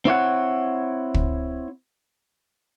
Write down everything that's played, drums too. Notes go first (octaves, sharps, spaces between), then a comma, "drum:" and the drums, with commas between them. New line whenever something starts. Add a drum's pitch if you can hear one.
C4 E4 C#5 F#5
drum: kick